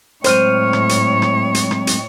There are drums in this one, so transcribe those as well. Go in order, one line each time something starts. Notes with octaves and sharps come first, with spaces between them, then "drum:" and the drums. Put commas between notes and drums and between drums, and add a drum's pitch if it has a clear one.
A2 F#3 G#3 C4 C5 C#5 F6 D#7, drum: hi-hat
drum: rim click
drum: hi-hat
drum: rim click
drum: hi-hat
drum: rim click
drum: hi-hat